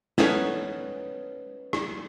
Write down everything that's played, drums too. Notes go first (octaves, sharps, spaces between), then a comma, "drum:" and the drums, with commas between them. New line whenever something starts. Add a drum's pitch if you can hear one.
B3 C#4 D#4 A4 B4 C#5, drum: snare
drum: rim click